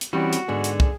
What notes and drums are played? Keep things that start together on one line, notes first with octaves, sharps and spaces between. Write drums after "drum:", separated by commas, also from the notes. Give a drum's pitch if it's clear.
drum: hi-hat
E3 G3 C4 C#4 F#4 B4
drum: hi-hat
G#2 D3 B3 G#4
drum: hi-hat
drum: kick